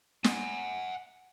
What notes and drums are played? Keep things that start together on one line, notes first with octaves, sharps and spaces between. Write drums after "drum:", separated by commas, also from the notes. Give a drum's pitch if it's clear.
F#5 G#5, drum: snare